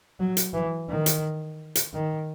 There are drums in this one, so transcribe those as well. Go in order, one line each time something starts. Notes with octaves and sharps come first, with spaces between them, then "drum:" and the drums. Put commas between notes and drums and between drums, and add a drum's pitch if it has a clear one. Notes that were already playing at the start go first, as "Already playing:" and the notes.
F#3
drum: hi-hat
E3
D#3
drum: hi-hat
drum: hi-hat
D#3